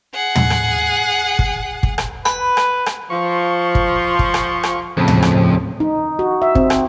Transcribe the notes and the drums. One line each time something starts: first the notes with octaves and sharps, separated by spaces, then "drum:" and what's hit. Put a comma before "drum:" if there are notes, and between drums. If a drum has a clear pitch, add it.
G#4 F#5
drum: tom
drum: rim click
drum: kick
drum: kick
drum: rim click
B4 B5, drum: rim click
drum: rim click
drum: rim click
F3 C#6
drum: kick
drum: kick
drum: rim click
drum: rim click
F2 A2 C#3 C4
drum: tom
drum: rim click
D#4
F#4
E5
C4, drum: kick
drum: rim click